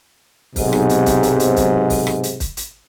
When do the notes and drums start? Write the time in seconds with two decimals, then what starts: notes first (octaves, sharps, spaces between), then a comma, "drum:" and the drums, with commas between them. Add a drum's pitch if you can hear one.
0.56 B1 G#2 C3, drum: kick, open hi-hat
0.73 drum: rim click
0.89 drum: hi-hat
1.06 drum: kick, hi-hat
1.23 drum: hi-hat
1.40 drum: hi-hat
1.56 drum: kick, hi-hat
1.90 drum: kick, open hi-hat
2.07 drum: rim click
2.23 drum: hi-hat
2.40 drum: kick, hi-hat
2.57 drum: hi-hat